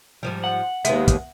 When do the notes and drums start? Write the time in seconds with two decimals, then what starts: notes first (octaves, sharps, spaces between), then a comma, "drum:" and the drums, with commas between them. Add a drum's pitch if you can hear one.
0.23 G#2 F3 G3
0.44 F#5
0.85 D#2 G#3 A#3 B3 E5, drum: hi-hat
1.08 drum: kick, hi-hat